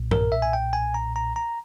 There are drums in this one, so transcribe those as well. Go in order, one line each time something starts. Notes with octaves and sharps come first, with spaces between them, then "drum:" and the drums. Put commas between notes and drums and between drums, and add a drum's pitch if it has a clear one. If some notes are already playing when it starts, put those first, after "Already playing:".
Already playing: B1 A#2
A#4, drum: tom G2
E5
G#5
G5
G#5
A#5
A#5
A#5